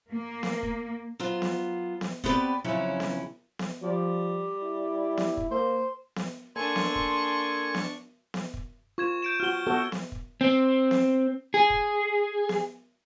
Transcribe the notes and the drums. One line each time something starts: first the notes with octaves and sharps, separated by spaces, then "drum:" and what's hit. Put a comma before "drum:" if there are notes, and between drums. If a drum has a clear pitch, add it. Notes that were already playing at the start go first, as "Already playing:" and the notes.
A#3
drum: snare B3
drum: kick
F#3 B3 F4 C5
drum: snare B3
drum: snare B3
B3 C4 G4 A4 B4 D5, drum: kick
F2 C#3 F#3 C#4 E4
drum: snare B3
drum: snare B3
F3 G3
E4
drum: snare B3
drum: kick
A#3 C5
drum: snare B3
A#3 D4 A4 G#5 C6 C#6
drum: snare B3
drum: kick
drum: snare B3
drum: snare B3
drum: kick
F4 C#6 G#6 E7
G6 D7 E7
F4 F#4 F6 G7
B3 F#4 A4
drum: snare B3
drum: kick
C4
drum: snare B3
G#4
drum: kick
drum: snare B3